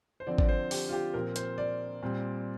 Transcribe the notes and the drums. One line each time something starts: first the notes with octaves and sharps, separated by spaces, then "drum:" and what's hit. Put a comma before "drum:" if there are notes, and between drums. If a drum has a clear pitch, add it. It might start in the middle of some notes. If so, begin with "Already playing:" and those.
C5
D3 F3 C4 D5
D5, drum: kick
C5
G4, drum: open hi-hat
F4
G4
A#2 F3 C4 A#4
C5, drum: hi-hat
D5
A#2 G3 C4